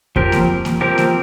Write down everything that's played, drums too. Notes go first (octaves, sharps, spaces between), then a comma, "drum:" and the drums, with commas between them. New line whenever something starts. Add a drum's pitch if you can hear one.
F3 C4 G4 A#4, drum: kick F2
drum: snare A#3
drum: snare A#3
F3 C4 G4 A#4
drum: snare A#3